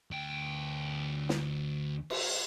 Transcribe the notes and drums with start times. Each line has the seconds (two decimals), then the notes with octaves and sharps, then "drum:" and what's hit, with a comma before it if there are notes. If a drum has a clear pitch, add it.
0.11 D2 G5
1.29 drum: snare
2.10 drum: cymbal